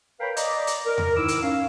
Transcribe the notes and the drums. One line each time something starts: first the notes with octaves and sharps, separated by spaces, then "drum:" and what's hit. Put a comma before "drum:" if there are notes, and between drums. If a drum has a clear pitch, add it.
A#4 B4 C#5 F5 G5 B5
D5 D#5 A#5, drum: hi-hat
drum: hi-hat
A#4
drum: tom E2
G#2 D#3 E4 D6 E6
drum: hi-hat
C#4 F5